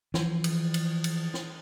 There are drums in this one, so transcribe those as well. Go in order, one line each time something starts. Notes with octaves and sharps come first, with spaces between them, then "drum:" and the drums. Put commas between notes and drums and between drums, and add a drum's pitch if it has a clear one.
E3 F3, drum: snare
drum: cymbal
drum: cymbal
drum: cymbal
drum: snare